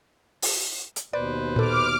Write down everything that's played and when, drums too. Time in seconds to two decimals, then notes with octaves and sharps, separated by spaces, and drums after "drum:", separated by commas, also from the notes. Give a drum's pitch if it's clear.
0.42 drum: open hi-hat
0.96 drum: hi-hat
1.13 D#2 B2 B4 C5 D5
1.56 A#2 A4 D6 F6